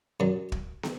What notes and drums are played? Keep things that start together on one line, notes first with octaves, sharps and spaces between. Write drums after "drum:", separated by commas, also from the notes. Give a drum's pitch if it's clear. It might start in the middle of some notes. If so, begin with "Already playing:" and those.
F#2 F#3
drum: kick
drum: snare